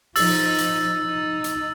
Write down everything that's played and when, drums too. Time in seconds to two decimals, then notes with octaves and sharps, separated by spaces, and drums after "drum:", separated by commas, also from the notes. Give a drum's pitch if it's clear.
0.16 F3 D#4 E6 A6, drum: open hi-hat
0.58 drum: hi-hat
1.06 D#4
1.44 drum: hi-hat